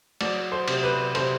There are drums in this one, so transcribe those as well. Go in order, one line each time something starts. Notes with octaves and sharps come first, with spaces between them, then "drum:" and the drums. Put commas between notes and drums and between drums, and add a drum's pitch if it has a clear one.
F#3 D5, drum: cymbal
C5
C3, drum: cymbal
B4
C3 C5, drum: cymbal